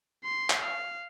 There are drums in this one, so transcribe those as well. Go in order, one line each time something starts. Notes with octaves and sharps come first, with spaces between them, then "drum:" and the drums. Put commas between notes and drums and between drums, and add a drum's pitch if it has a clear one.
C6
drum: clap
F5